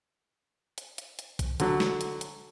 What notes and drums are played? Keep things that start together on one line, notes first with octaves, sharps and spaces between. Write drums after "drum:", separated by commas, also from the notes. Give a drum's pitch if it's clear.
drum: hi-hat
drum: hi-hat
drum: hi-hat
drum: kick, hi-hat
D3 F#3, drum: hi-hat
drum: snare
drum: hi-hat
drum: hi-hat